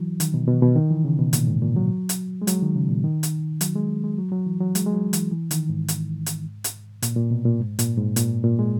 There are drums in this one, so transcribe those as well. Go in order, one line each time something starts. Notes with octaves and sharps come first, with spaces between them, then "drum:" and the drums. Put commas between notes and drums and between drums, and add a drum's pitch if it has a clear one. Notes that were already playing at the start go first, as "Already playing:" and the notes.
Already playing: E3 F#3
D#3, drum: hi-hat
B2
B2
B2
D#3
E3
C#3
B2
A#2, drum: hi-hat
G#2
A#2
F#3
drum: hi-hat
G#3
F#3, drum: hi-hat
D#3
C#3
A#2
D#3
drum: hi-hat
F#3, drum: hi-hat
G#3
G#3
F#3
F#3
E3
F#3
G#3, drum: hi-hat
G#3
F#3
E3, drum: hi-hat
E3
D#3, drum: hi-hat
G#2
drum: hi-hat
drum: hi-hat
drum: hi-hat
A#2, drum: hi-hat
A#2
B2
A#2
G#2
A#2, drum: hi-hat
G#2
A#2, drum: hi-hat
A#2
G#3